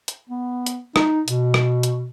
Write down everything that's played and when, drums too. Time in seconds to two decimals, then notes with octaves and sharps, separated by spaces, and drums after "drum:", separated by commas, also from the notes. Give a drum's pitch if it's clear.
0.08 drum: hi-hat
0.29 B3
0.66 drum: hi-hat
0.96 D#4, drum: rim click
1.28 B2, drum: hi-hat
1.54 drum: rim click
1.83 drum: hi-hat